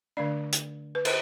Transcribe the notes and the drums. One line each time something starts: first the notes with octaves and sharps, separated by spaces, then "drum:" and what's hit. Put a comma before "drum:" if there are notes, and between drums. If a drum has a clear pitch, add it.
D3 A3 D4 D5
drum: hi-hat
B4
C5, drum: cymbal